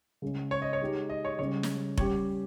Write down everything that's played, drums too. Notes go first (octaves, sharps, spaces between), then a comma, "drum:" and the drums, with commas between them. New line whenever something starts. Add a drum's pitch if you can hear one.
C#3 G#3 C#4
C#5
D#5
C#5
G#3 D#4 G4
D#5
C#5
C#3 G3 C#4 C#5
drum: snare
G3 C#4 G4 C#5, drum: kick F1